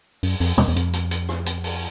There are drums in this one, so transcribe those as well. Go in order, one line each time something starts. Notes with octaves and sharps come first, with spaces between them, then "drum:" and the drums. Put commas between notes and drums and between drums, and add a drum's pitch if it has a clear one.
F#2, drum: open hi-hat
F2, drum: open hi-hat
E2, drum: tom
E2
F2, drum: hi-hat
drum: hi-hat
drum: hi-hat
drum: rim click
drum: hi-hat
drum: open hi-hat